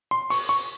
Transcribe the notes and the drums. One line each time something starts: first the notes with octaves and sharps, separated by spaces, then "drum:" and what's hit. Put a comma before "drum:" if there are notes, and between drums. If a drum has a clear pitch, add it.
C6
C#6, drum: open hi-hat
C#6